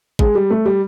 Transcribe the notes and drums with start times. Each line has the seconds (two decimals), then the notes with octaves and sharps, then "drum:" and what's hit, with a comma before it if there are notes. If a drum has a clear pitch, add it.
0.19 G#3, drum: kick G#1
0.35 G3
0.50 A3
0.66 G3